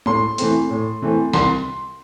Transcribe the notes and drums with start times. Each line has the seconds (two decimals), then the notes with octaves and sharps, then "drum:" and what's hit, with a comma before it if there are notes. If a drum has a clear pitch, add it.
0.06 A2 C6, drum: tom G#3
0.38 E3 A3 C4, drum: hi-hat
0.70 A2
1.02 E3 A3 C4
1.33 C2 C6, drum: snare